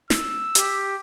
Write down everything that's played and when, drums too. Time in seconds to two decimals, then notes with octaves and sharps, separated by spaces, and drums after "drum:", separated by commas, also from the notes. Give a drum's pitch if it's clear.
0.10 E6, drum: snare
0.55 G4, drum: hi-hat